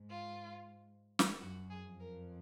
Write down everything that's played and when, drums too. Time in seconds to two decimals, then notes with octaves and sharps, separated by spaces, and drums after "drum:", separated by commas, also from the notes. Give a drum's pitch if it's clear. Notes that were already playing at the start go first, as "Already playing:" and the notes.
Already playing: G#2
0.10 F4
1.19 drum: snare
1.41 F#2 F#4
1.70 G#4
1.84 F2
2.00 A#4